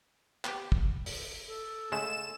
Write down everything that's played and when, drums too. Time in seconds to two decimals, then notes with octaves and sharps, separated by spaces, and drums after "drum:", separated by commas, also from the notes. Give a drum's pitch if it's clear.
0.44 B3 G4, drum: clap
0.72 drum: kick
1.06 drum: open hi-hat
1.47 A4
1.92 C#3 G#3 A3 E7